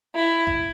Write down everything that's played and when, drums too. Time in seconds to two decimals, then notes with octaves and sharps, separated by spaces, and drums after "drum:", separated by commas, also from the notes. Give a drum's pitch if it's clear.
0.15 E4
0.47 drum: kick A1